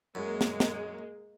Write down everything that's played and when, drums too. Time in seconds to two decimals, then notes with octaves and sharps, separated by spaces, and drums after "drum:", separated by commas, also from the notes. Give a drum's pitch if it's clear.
0.15 F#2 G#3 A#3
0.41 drum: snare
0.60 drum: snare